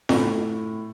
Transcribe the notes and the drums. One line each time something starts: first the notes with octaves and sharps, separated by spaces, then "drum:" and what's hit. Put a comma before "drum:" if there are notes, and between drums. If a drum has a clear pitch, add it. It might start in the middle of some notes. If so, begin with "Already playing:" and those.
A2, drum: snare